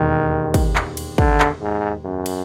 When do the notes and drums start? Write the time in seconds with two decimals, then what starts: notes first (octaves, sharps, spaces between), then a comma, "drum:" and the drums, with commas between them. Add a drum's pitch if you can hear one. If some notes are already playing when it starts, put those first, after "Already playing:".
Already playing: E1 D#2 D#3
0.54 drum: kick, cymbal
0.76 drum: clap
0.97 drum: cymbal
1.18 D3, drum: kick
1.40 drum: clap
1.62 G#2
2.05 F#2
2.26 drum: cymbal